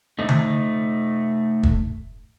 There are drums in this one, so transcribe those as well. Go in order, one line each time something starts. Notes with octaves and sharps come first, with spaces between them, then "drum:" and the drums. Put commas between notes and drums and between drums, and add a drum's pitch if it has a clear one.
A3 D#4
drum: tom D3
drum: kick